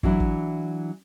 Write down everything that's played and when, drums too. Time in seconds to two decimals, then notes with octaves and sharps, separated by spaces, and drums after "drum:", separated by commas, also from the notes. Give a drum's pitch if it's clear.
0.03 E3 F#3 D4 E4, drum: kick
0.20 drum: kick